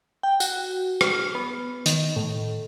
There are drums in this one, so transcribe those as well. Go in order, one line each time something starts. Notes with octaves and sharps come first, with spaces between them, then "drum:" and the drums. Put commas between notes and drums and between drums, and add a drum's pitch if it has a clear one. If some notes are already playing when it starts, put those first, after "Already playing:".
G5
F#4, drum: tambourine
F6, drum: rim click
B3
D#3, drum: hi-hat
A2